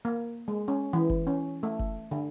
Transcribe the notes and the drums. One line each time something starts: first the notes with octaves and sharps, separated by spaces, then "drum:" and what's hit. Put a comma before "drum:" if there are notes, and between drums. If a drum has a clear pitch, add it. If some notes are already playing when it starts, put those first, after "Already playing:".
A#3
G#3
C#4
E3
drum: kick F#1
C#4
A3
drum: kick F#1
D3